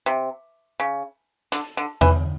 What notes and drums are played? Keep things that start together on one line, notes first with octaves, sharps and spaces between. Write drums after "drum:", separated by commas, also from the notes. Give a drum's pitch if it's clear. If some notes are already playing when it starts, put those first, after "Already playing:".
C3
C#3
D3, drum: hi-hat
D3
E3, drum: tom E2